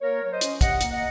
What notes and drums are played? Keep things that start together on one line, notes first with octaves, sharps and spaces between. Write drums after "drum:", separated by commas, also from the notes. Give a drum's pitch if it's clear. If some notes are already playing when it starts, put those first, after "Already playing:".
A#3 A#4 C#5
F#3 C#5
C5 D#5
C#4, drum: hi-hat
C3 D#5 F#5, drum: kick, hi-hat
A#3, drum: hi-hat
D#5 F#5